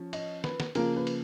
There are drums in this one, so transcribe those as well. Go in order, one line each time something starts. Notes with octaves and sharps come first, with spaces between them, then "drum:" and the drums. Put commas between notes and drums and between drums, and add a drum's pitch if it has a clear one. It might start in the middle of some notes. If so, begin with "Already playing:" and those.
Already playing: F3 C#4
D#5, drum: cymbal
B4, drum: snare
drum: snare
C#3 F3 A#3 A#4, drum: cymbal
B4
drum: cymbal